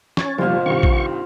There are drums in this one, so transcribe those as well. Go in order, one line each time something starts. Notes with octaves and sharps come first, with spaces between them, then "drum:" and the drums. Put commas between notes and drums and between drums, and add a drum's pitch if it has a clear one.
C#4 C#6 G#6 A6, drum: snare
F#1 B1 F3 G3 F4 C5 F5
C2 G2 D#3 C#6
drum: kick A#1